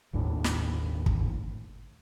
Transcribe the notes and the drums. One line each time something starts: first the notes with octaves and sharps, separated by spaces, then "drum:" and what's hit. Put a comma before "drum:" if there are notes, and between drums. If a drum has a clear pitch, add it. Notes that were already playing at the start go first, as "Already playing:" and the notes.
G1 D#2 A2 D4
drum: snare
drum: kick